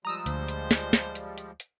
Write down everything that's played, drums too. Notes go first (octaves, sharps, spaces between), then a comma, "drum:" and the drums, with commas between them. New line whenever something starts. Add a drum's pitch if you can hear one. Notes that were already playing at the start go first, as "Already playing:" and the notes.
F3 G3 G#3 A#5 D#6 E6
D2 C5, drum: hi-hat
drum: hi-hat
drum: snare
drum: snare
drum: hi-hat
drum: hi-hat
drum: hi-hat